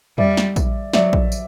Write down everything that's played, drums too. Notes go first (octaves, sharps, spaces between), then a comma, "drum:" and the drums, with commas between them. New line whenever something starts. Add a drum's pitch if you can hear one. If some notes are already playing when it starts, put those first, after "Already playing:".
G3 D5 E5, drum: tom
drum: snare
drum: kick A#1, tambourine
F#3 D5 E5, drum: snare
drum: kick A#1
drum: tambourine